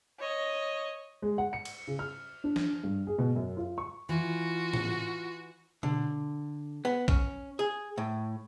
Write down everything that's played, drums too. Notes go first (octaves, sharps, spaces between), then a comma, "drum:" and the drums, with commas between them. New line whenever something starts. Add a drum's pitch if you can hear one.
C#5 D#5
G#3
F#5
C#7
drum: cymbal
C#3
F6
D4
drum: snare F3
G2
G#4
B2
F#2
F4
C#6
E3 F4 F#4
drum: tom A2
D3, drum: tom B2
B3
C#4, drum: kick
G#4
A2